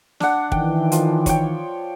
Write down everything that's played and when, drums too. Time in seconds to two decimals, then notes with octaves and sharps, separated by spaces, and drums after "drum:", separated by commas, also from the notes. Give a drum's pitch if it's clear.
0.20 D4 F#5, drum: snare
0.52 D#3 E3 G5, drum: kick
0.92 F3, drum: hi-hat
1.26 C#5 G5, drum: kick, hi-hat